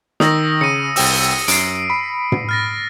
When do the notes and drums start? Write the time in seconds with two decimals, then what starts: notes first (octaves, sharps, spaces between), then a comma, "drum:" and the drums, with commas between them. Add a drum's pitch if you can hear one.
0.20 D#3 D#6 E6 A#6, drum: snare
0.61 C#3 C#7 D#7
0.96 C2 G5 E6, drum: open hi-hat
1.48 F#2 C7 D7, drum: hi-hat
1.90 B5
2.32 drum: tom
2.49 F6 A6 A#6